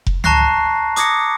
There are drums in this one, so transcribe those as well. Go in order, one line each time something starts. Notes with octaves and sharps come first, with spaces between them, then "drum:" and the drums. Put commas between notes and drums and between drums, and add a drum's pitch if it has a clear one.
drum: kick F1
A5 A#5 C#6 F#6 A#6 C7, drum: tom C#2
D6 D#6 G#6 A#6 C#7, drum: hi-hat